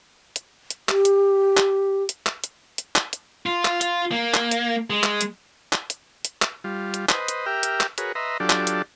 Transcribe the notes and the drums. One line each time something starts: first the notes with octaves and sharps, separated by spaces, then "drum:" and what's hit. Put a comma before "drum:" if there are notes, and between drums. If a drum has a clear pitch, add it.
drum: hi-hat
drum: hi-hat
G4, drum: clap
drum: hi-hat
drum: clap
drum: hi-hat
drum: clap
drum: hi-hat
drum: hi-hat
drum: clap
drum: hi-hat
F4
drum: clap
F4, drum: hi-hat
A#3
drum: clap
drum: hi-hat
G#3
drum: clap
drum: hi-hat
drum: clap
drum: hi-hat
drum: hi-hat
drum: clap
G3 F4
drum: hi-hat
B4 C5 D#5, drum: clap
drum: hi-hat
G4 A#4 E5 G5 F6
drum: hi-hat
drum: clap
F#4 G#4 A#4 B4 C#5, drum: hi-hat
B4 D#5 E5 A#5 C6
F#3 D4 F4 G4 A4 D5
drum: clap
drum: hi-hat